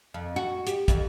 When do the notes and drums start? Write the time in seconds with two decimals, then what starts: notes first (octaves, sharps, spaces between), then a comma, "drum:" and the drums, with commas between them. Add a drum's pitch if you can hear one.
0.14 F2
0.36 F#4
0.67 G4, drum: hi-hat
0.88 F2, drum: kick, hi-hat